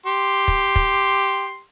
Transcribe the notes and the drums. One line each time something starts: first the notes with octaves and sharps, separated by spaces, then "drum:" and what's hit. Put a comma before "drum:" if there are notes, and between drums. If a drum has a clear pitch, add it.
G4 C6
drum: kick
drum: kick